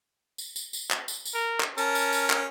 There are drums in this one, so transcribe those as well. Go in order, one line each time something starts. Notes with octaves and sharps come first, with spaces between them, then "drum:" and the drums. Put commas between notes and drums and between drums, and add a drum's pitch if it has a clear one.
drum: tambourine
drum: tambourine
drum: tambourine
drum: clap
drum: tambourine
drum: tambourine
A#4
drum: clap
C#4 A#4 A5, drum: tambourine
drum: tambourine
drum: tambourine
drum: clap